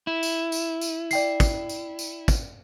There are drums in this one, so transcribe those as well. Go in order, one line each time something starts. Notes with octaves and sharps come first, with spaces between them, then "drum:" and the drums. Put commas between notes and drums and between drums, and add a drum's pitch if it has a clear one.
E4
drum: tambourine
drum: tambourine
drum: tambourine
D5 G5 C7, drum: tambourine
drum: kick, tambourine
drum: tambourine
drum: tambourine
drum: kick, tambourine